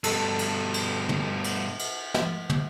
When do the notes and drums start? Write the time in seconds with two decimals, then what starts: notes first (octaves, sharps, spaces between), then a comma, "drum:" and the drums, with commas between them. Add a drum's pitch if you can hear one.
0.04 G2 B2 A4, drum: cymbal
0.39 drum: cymbal
0.74 drum: cymbal
1.09 drum: tom
1.44 drum: cymbal
1.79 drum: cymbal
2.14 drum: snare
2.50 drum: tom